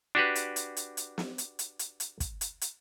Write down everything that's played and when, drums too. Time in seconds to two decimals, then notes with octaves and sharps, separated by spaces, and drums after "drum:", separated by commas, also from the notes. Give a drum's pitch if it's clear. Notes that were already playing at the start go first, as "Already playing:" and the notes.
0.15 D4 F#4 G4 B4
0.35 drum: hi-hat
0.56 drum: hi-hat
0.77 drum: hi-hat
0.97 drum: hi-hat
1.18 drum: snare
1.38 drum: hi-hat
1.59 drum: hi-hat
1.79 drum: hi-hat
2.00 drum: hi-hat
2.20 drum: kick, hi-hat
2.41 drum: hi-hat
2.61 drum: hi-hat